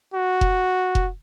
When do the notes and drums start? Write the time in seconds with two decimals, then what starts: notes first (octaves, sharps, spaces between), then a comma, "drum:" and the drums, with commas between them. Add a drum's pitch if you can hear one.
0.14 F#4
0.41 drum: kick F1
0.95 drum: kick F1